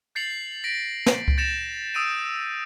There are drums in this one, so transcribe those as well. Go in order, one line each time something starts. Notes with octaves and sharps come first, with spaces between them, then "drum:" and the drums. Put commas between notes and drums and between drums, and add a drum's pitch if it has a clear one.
G6 A6 C7 C#7 F7 F#7
A#6 B6 D7
drum: snare
drum: kick C#2
G6 A6 A#6 C#7 E7 F7
D#6 E6 G6 D7 D#7